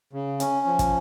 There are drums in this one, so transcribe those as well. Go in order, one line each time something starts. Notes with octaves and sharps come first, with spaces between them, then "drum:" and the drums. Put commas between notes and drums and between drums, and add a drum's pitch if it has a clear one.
C#3
C#4, drum: hi-hat
F3
drum: kick, hi-hat